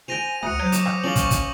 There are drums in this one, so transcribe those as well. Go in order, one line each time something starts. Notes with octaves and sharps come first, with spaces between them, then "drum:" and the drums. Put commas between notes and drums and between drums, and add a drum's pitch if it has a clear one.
C5 G5 G#5 A#6 D#7 F7
D2 F#4 F#5 D#6 C#7
F#3 C5 G6
C#5 D6, drum: hi-hat
drum: rim click
C#4 D5 F5 F#7 G7
C#6 G7, drum: kick, hi-hat
drum: kick, hi-hat